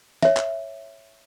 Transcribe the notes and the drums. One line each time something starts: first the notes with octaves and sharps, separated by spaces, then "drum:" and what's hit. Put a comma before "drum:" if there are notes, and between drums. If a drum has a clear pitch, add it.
C#5 E5, drum: snare
drum: clap